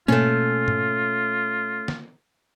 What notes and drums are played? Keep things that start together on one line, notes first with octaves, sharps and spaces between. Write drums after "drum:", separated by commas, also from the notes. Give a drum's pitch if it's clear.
B2 A3 A#3 C#4 F4, drum: tom G#2
drum: tom G#2
drum: snare